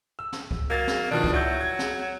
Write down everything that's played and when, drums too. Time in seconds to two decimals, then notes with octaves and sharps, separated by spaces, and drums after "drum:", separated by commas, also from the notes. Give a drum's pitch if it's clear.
0.19 E6
0.33 drum: snare
0.51 drum: kick C#2
0.70 F#3 A#3 G#6 A6
0.87 drum: snare
1.11 B2 D#3 F3 D4
1.24 drum: kick C#2
1.33 F#3 E4 C#6 G6
1.61 G#6
1.79 drum: snare